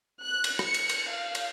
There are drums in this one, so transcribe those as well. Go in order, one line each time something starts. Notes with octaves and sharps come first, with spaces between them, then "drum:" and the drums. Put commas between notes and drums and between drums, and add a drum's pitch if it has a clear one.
F#6
drum: cymbal
C#7, drum: rim click
drum: cymbal
drum: cymbal
F5
drum: cymbal